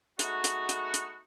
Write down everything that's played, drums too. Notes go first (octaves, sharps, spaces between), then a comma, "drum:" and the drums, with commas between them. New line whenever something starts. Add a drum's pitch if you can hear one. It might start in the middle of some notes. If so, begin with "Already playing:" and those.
G#3 A3 B3 D#4 F#4, drum: hi-hat
drum: hi-hat
drum: hi-hat
drum: hi-hat